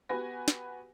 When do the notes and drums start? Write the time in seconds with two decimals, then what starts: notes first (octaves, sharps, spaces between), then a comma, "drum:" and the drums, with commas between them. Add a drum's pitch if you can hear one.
0.09 B3 F#4 G4 B4 G#5 A#6
0.48 drum: snare